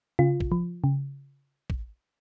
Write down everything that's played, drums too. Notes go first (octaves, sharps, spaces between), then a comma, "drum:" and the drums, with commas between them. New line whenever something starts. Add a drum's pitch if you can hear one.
C#3 F4
drum: kick
F3
C#3
drum: kick